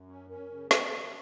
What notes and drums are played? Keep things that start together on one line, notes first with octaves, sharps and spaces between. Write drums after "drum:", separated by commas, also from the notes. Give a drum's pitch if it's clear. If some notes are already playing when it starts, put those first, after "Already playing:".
Already playing: F#2
C#4
C#4 A#4
C#3
C#4, drum: snare